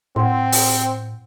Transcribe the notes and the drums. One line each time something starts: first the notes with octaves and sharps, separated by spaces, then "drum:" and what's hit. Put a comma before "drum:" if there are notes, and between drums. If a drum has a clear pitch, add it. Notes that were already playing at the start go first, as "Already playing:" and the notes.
A2 C4 F#5 C6
drum: open hi-hat